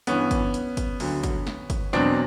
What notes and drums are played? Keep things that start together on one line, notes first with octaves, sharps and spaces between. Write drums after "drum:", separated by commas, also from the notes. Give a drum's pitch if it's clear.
G2 E3 B3 C#4, drum: hi-hat
drum: kick, hi-hat
drum: hi-hat
drum: kick, hi-hat
D2 D3 F#3, drum: open hi-hat
drum: kick, hi-hat
drum: snare
drum: kick, hi-hat
E2 B2 F#3 C4 D4, drum: snare